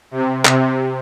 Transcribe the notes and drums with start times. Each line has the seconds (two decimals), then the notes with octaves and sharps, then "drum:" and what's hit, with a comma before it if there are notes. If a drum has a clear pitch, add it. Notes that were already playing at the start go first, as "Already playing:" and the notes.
0.11 C3
0.45 C3, drum: clap